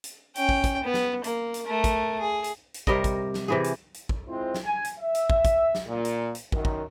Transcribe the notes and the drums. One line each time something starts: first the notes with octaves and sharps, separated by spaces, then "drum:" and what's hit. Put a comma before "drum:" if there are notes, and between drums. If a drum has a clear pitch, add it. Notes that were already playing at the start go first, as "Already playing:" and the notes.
drum: hi-hat
C#4 G5, drum: hi-hat
drum: kick
drum: kick, hi-hat
B3
drum: snare
A#3, drum: hi-hat
drum: hi-hat
A3 A#4
drum: kick, hi-hat
G#4
drum: hi-hat
drum: hi-hat
C3 G3 A#4 D#5, drum: kick
drum: kick, hi-hat
drum: snare
C3 E3 G#4
drum: hi-hat
drum: hi-hat
drum: kick
G#3 C4 E4 F4 C5
drum: snare
G#5
drum: hi-hat
E5
drum: hi-hat
drum: kick
drum: kick, hi-hat
drum: snare
A#2
drum: hi-hat
drum: hi-hat
F#2 D#3, drum: kick
drum: kick